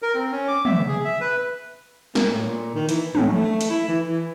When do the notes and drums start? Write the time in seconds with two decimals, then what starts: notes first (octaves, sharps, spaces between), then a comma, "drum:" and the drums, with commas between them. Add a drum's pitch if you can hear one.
0.02 A#4
0.14 C4
0.32 C#4
0.48 D6
0.65 E5, drum: tom
0.88 G#4
1.05 E5
1.21 B4
2.15 A#3, drum: snare
2.31 A2
2.46 A#2
2.75 D#3
2.89 E3, drum: hi-hat
3.15 A2, drum: tom
3.34 A3
3.61 drum: hi-hat
3.70 E4
3.88 E3
4.04 E3